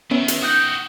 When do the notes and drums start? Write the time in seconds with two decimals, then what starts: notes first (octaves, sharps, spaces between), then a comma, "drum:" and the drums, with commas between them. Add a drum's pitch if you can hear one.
0.11 D#3 B3 C#4 E5
0.28 drum: hi-hat
0.42 D#4 F#4 G4 F#6 G6